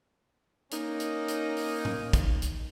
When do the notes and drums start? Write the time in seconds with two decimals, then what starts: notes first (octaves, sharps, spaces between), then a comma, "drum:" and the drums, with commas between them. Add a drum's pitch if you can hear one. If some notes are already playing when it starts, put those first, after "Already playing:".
0.71 A#3 C#4 D#4, drum: hi-hat
1.00 drum: hi-hat
1.28 drum: hi-hat
1.57 drum: open hi-hat
1.85 drum: tom A2
2.13 drum: kick, hi-hat
2.42 drum: hi-hat